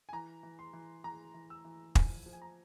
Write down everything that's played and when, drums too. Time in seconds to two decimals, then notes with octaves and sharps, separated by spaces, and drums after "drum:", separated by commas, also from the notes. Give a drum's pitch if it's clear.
0.09 G#5
0.13 E3 A#5
0.43 E3
0.59 C6
0.73 E3
1.04 E3 A#5
1.34 E3
1.50 E6
1.65 E3
1.95 F3 G#5, drum: kick
2.26 F3
2.33 G#5
2.42 A#5